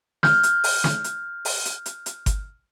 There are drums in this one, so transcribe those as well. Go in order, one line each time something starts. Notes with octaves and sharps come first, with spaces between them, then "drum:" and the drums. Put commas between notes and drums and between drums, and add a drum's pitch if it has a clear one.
F6 G6, drum: snare
drum: hi-hat
drum: open hi-hat
drum: snare
drum: hi-hat
drum: open hi-hat
drum: hi-hat
drum: hi-hat
drum: hi-hat
drum: kick G1, hi-hat